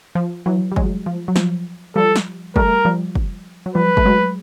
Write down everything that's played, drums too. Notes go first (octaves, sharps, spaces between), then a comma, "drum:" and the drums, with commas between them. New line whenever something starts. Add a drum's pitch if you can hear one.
F3
E3 F#3
G3
F#3 G#3, drum: kick
F3
F#3
F3, drum: snare
F3 G3 A4
drum: snare
G3 A3 A#4, drum: kick
F3 G3
drum: kick
F#3
F3 G3 B4
A3, drum: kick
F#3 G#3